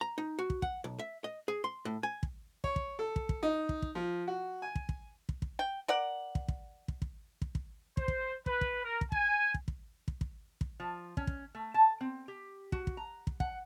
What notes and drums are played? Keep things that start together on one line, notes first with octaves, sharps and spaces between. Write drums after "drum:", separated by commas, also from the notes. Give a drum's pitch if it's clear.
A#5
D#4
F#4
drum: kick
F#5, drum: kick
B1
E5
D#5
G#4
C6
A2
G#5
drum: kick
C#5, drum: kick
drum: kick
A4
drum: kick
drum: kick
D#4
drum: kick
drum: kick
F3
F#4
G#5
drum: kick
drum: kick
drum: kick
drum: kick
G5
A#4 D5 F#5
drum: kick
drum: kick
drum: kick
drum: kick
drum: kick
drum: kick
C5, drum: kick
drum: kick
B4, drum: kick
drum: kick
A#4
drum: kick
G#5, drum: kick
drum: kick
drum: kick
drum: kick
drum: kick
drum: kick
F3
C#4, drum: kick
drum: kick
A3
A5
C4
G4
F#4, drum: kick
drum: kick
A#5
drum: kick
F#5, drum: kick